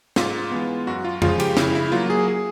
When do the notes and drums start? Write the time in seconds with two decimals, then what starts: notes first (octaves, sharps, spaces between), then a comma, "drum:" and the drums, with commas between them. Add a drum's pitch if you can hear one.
0.16 G#2 F4, drum: snare
0.51 E3 G#3 B3
0.87 F#2 F#4
1.05 F4
1.22 C#3 F3 G#3 F4, drum: tom F2
1.40 G4, drum: cymbal
1.57 C#3 E4, drum: snare
1.75 E4
1.92 F#3 A#3 F4
2.10 G#4
2.28 G#4